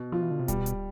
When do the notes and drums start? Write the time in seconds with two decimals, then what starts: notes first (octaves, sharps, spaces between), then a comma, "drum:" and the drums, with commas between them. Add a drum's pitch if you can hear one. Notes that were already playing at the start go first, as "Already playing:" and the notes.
Already playing: B2
0.12 F3 F4
0.22 E3
0.31 D3
0.39 C3
0.48 B2 G3, drum: kick D1, hi-hat
0.66 drum: hi-hat